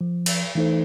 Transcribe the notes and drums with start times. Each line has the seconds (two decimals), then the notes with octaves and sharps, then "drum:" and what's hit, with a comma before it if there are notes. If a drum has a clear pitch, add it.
0.01 F3
0.26 drum: cymbal
0.55 E3 A3 D#4 A4 C5